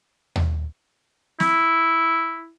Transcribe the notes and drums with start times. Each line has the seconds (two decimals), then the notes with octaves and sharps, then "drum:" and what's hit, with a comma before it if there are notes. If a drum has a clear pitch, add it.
0.36 drum: tom D#2
1.40 E4, drum: snare